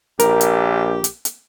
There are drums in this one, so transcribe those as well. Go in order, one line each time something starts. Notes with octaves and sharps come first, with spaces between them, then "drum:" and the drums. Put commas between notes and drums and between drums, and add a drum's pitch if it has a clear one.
A#1 G4 A#4, drum: hi-hat
drum: hi-hat
drum: hi-hat
drum: hi-hat